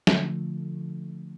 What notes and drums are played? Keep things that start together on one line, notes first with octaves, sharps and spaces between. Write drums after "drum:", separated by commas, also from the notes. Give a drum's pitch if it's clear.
D3 F3 A3, drum: snare